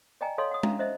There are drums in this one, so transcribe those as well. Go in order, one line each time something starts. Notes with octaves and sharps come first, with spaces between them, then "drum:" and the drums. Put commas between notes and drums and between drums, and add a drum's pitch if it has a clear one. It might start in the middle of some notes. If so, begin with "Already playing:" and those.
D5 D#5 G5 G#5 A#5
A4 C#5 D#5 F5 C6
F#5 D#6
C#4 E5 F5 A#5, drum: tom G#3
C5 D#5 E5